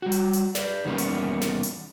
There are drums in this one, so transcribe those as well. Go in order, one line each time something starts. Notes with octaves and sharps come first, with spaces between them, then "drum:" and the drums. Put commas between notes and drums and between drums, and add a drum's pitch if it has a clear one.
G3 F#4
drum: hi-hat
drum: hi-hat
B4 D5, drum: snare
E2 D#3 G3 A#3 B3 C#4
drum: hi-hat
drum: snare
drum: hi-hat